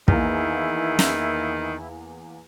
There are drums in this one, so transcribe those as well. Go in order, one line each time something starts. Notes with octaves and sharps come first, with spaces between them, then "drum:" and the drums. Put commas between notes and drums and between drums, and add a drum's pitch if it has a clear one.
E2 D#3 A#3 E4, drum: kick
drum: snare